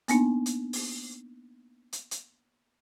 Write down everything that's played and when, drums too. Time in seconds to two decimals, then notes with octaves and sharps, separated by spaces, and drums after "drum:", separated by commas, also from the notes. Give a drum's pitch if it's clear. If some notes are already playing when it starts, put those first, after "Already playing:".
0.08 A#3 B3 D4 D#4, drum: hi-hat
0.46 drum: hi-hat
0.73 drum: open hi-hat
1.93 drum: hi-hat
2.11 drum: hi-hat